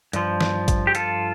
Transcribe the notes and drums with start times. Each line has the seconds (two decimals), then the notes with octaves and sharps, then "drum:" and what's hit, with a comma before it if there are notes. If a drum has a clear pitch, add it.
0.13 G2 F3, drum: hi-hat
0.41 drum: snare
0.68 drum: kick G#1, hi-hat
0.87 G4
0.95 F4 A4, drum: hi-hat